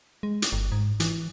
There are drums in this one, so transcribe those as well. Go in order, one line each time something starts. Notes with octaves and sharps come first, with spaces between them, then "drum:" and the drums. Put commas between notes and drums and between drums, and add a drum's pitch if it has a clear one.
G#3
drum: hi-hat
G1
G#2
E3, drum: hi-hat